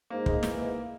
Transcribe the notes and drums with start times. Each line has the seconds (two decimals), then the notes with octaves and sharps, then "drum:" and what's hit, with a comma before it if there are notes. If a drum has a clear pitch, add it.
0.10 G#2 A#3
0.26 G#3, drum: kick
0.43 E3, drum: snare
0.59 G#2